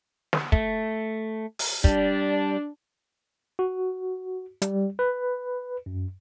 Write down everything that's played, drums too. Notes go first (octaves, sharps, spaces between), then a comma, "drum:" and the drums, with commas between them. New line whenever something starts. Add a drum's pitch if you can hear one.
drum: snare
A3, drum: kick
drum: open hi-hat
G3 D4, drum: kick
F#4
G3, drum: hi-hat
B4
F#2